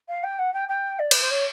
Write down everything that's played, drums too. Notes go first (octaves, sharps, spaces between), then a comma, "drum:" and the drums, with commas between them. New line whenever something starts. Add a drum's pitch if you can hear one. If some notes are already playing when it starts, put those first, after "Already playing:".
F5
G5
F#5
G5
G5
D5
B4, drum: cymbal
C5
C#5